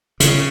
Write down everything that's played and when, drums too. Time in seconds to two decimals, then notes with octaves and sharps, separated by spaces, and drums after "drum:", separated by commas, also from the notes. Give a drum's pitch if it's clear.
0.20 C#3, drum: hi-hat